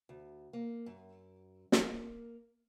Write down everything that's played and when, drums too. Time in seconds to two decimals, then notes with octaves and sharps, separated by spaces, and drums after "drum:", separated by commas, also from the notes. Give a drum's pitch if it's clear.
0.09 D2
0.53 A#3
0.86 F#2
1.72 A#3, drum: snare